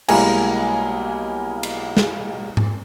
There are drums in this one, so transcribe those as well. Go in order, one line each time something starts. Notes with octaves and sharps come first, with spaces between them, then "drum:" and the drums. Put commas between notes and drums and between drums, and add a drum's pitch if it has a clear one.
B1 G3 G#3 A#3 E4 G#5, drum: cymbal
drum: cymbal
drum: snare
drum: tom G#2